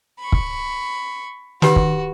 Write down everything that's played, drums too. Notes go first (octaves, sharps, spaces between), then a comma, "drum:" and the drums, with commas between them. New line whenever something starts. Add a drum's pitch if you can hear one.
B5 C#6
drum: kick
D#3 F#4 G4 B4 B5, drum: snare
drum: kick